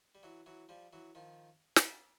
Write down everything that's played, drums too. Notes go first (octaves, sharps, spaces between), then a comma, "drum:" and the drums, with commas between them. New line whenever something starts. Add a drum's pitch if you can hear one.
G3
E3 F#3
E3 F#3
F3 G3
E3 F#3
D#3 F3
drum: snare